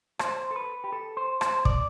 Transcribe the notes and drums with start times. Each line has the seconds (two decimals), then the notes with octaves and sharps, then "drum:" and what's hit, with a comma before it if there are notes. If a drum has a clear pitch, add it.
0.19 C5, drum: rim click
0.51 A4
0.56 B4
0.84 G4
0.92 A4
1.17 C5
1.41 C5, drum: rim click
1.65 D5, drum: kick